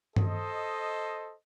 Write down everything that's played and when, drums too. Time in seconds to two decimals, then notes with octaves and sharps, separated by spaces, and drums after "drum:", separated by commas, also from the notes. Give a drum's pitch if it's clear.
0.16 A4 C5 D#5, drum: tom G2